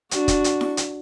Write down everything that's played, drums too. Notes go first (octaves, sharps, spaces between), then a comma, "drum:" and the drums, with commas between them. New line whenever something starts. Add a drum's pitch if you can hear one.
D4 F#4, drum: hi-hat
drum: kick, hi-hat
drum: hi-hat
drum: snare E4
drum: hi-hat